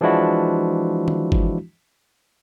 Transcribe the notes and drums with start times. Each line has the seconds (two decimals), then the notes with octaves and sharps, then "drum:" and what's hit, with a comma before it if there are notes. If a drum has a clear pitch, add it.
0.01 E3 F3 G#3 D4 E4 F#4
1.08 drum: tom D#3
1.32 drum: kick G1